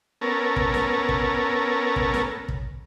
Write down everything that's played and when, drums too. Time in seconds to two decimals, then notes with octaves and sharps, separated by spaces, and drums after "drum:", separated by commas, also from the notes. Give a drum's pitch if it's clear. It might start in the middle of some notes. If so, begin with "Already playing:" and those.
0.21 B3 C#4 A4 A#4
0.56 drum: kick
0.74 drum: snare
1.09 drum: kick
1.96 drum: kick
2.14 drum: snare
2.48 drum: kick